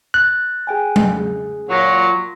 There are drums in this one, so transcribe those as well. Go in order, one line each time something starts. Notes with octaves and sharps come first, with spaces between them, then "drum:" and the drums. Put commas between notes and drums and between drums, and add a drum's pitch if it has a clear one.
F#6 A6
G#4 G5 G#5
drum: tom F#3
G#4
A#2 F#3 F4 A#6